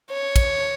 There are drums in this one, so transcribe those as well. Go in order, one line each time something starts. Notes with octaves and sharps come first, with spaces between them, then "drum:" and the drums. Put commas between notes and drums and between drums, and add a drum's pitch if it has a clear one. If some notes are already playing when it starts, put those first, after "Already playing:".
C#5
drum: kick, cymbal